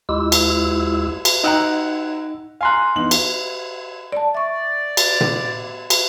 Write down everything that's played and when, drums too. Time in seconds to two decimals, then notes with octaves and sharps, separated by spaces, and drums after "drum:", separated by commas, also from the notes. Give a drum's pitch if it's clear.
0.09 D#2 G#3 E4 F4 G4 E6
0.32 drum: cymbal
1.25 drum: cymbal
1.44 D#4 F#5 G5 A#5 E6 F#6
2.61 F5 G#5 A#5 C6 F#6
2.95 E2 D#4 F#7
3.11 drum: cymbal
4.12 D5 A5
4.35 D5 E5 C#6
4.97 drum: cymbal
5.21 drum: tom
5.90 drum: cymbal